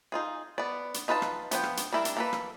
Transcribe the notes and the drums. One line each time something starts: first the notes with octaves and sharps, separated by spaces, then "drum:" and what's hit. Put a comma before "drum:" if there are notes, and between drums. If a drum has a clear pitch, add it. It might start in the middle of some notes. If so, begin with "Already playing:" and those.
D#4 F4 G#4
B3 D5
drum: hi-hat
D#4 F4 B4 D#5 A5
drum: rim click
F3 B3 G5, drum: hi-hat
drum: rim click
drum: hi-hat
G3 D4 E4 A#4
drum: hi-hat
A#3 A4 B4
drum: rim click